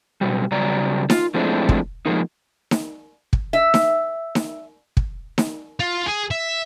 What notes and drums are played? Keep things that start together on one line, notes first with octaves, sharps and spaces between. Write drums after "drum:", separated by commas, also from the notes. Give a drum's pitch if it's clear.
B2 F#3 G3
C#3 F#3 G3 D5 A#5
F4, drum: snare D#4
F3 G#3 A3 C4 D4 E4
drum: kick
F3 G#3 A#3 D#4
drum: snare D#4
drum: kick
E5
drum: snare D#4
drum: snare D#4
drum: kick
drum: snare D#4
F4
G#4
E5